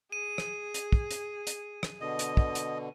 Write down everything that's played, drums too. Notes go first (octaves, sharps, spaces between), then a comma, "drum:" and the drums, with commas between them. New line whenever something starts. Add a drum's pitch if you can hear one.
G#4 D#7
drum: rim click
drum: hi-hat
drum: kick
drum: hi-hat
drum: hi-hat
drum: rim click
B2 D3 D#5
drum: hi-hat
drum: kick
drum: hi-hat